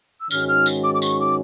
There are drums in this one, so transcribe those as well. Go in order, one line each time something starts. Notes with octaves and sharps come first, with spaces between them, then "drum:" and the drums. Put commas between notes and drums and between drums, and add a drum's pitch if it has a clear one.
E6
G#2 D#3 G#3 C#4 F#4 F6, drum: tambourine
F6
drum: tambourine
D6
D6
C#6, drum: tambourine
D6